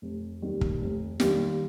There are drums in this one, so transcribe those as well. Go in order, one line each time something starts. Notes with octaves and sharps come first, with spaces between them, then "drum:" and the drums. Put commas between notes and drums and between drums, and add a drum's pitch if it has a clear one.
F1
D#2 D#3 G3
drum: kick
F1
D#2 D#3 G3, drum: snare